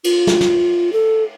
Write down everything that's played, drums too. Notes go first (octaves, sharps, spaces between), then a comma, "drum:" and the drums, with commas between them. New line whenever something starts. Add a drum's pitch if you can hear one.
F4, drum: cymbal
drum: snare
drum: snare
A4